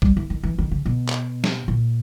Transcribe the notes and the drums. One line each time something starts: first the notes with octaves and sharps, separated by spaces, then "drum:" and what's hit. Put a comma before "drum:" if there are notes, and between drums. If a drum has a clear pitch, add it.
G3, drum: kick
E3
D#3
E3
D#3
C#3
B2
drum: clap
drum: snare
A#2